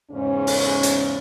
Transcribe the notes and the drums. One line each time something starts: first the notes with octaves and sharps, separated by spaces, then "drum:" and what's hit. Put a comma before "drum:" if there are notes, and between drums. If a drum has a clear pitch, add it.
E2 G#2 C#3 C#4
drum: open hi-hat
drum: hi-hat